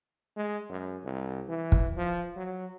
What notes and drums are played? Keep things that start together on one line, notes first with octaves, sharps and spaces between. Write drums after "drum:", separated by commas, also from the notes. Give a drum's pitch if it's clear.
G#3
F#2
C2
E3
drum: kick
F3
F#3